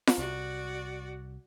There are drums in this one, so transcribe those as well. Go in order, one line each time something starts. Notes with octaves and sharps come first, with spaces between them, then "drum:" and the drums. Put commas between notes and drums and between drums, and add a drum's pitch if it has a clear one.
drum: snare F4
C2 F#4 D5